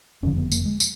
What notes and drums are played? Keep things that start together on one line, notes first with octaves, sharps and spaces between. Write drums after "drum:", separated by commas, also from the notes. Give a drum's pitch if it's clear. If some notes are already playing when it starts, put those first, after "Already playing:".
F#1 F2 D3 C#4
B3
A#3, drum: tambourine
G#3
drum: tambourine